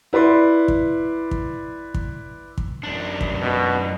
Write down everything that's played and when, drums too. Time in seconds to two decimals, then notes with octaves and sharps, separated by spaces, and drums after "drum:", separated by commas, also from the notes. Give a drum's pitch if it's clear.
0.13 E4 B4 D5 C6
0.68 drum: kick
1.31 drum: kick
1.94 drum: kick
2.58 drum: kick
2.83 F#2 D4
3.21 drum: kick
3.42 B2